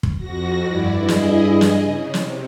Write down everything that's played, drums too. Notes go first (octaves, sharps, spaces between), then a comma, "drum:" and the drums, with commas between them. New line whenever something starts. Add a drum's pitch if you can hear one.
drum: kick
F2 F#4 A#6
G2 E4 D5
G2 E4 G#4 D#5
drum: snare
G#4 D#5
drum: snare
C#3
C3, drum: snare